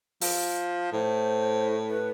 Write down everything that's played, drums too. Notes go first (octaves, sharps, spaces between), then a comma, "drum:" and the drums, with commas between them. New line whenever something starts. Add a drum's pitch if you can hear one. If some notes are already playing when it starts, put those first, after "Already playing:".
F3, drum: open hi-hat
A2 C5
B4